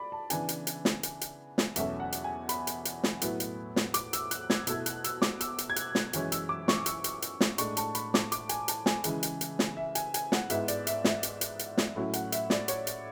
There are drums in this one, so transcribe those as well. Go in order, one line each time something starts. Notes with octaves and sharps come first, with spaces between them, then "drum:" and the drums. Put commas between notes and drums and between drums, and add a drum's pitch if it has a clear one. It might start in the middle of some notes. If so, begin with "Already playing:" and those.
Already playing: D5 B5
A5
C#3 E3 B3 D4 G#5, drum: hi-hat
drum: hi-hat
drum: hi-hat
drum: snare
drum: hi-hat
drum: hi-hat
drum: snare
E2 B2 F#3 A3 C#4 E5, drum: hi-hat
F#5
drum: hi-hat
G#5
B5, drum: hi-hat
drum: hi-hat
drum: hi-hat
drum: snare
A2 F#3 B3 E4, drum: hi-hat
drum: hi-hat
drum: snare
D6, drum: hi-hat
E6, drum: hi-hat
F#6, drum: hi-hat
G#6, drum: snare
B2 A3 E4 E6, drum: hi-hat
F#6, drum: hi-hat
E6, drum: hi-hat
D6, drum: snare
E6, drum: hi-hat
drum: hi-hat
G#6
F#6, drum: hi-hat
drum: snare
F#2 E3 G#3 C#4 E4, drum: hi-hat
E6, drum: hi-hat
D6
C#6, drum: snare
E6, drum: hi-hat
drum: hi-hat
drum: hi-hat
drum: snare
A2 G#3 D4 C#6, drum: hi-hat
A5, drum: hi-hat
B5, drum: hi-hat
D6, drum: snare
D6, drum: hi-hat
G#5, drum: hi-hat
A5, drum: hi-hat
G#5, drum: snare
C#3 E3 G#3, drum: hi-hat
drum: hi-hat
drum: hi-hat
drum: snare
E5
G#5, drum: hi-hat
G#5, drum: hi-hat
F#5, drum: snare
G#2 G#3 B3 E4 E5, drum: hi-hat
D5, drum: hi-hat
E5, drum: hi-hat
E5, drum: snare
drum: hi-hat
drum: hi-hat
drum: hi-hat
drum: snare
A2 F#3 C#4 E4
F#5, drum: hi-hat
E5, drum: hi-hat
D5, drum: snare
C#5, drum: hi-hat
drum: hi-hat